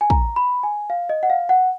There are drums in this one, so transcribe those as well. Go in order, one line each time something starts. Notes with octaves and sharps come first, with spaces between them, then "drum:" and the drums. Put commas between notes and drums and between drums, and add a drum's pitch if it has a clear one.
G#5
A#5, drum: kick
B5
G#5
F5
D#5
F#5
F5
F#5